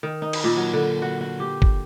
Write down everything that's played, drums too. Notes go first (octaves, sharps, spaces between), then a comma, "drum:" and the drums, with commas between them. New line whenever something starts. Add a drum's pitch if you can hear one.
D#3
D#4
drum: cymbal
A#2
F#3
D3
F#4
F#4
G4
drum: kick